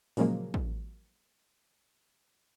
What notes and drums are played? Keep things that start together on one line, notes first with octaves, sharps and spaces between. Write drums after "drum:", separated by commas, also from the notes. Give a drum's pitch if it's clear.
A#2 C#3 F3 F#3 G#3 A#3, drum: open hi-hat
drum: kick